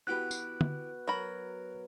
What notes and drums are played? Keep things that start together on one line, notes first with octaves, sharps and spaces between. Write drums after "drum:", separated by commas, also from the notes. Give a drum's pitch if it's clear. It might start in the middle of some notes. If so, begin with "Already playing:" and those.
E3 B3 F#4 G4 F#6
drum: tambourine
drum: tom
F#3 A#4 B5